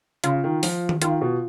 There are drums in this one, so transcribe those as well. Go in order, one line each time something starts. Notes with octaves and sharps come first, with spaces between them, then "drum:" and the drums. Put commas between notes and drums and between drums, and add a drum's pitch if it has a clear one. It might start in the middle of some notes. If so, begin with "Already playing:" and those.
C#3 F4, drum: hi-hat
D#3
F3, drum: open hi-hat
drum: tom D#3
D#3 F4, drum: hi-hat
B2